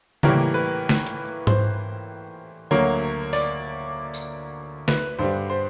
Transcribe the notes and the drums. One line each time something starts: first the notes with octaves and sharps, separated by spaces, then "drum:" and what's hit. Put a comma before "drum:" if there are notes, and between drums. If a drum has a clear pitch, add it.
A2 E3 G3 A#3 A#4, drum: tom C#3
B4
drum: snare
drum: hi-hat
C5, drum: tom G#2
D2 D3 F#3 A#3 C#5
D5, drum: open hi-hat
drum: tambourine
B4, drum: snare
G2 D3 G3 C5
C5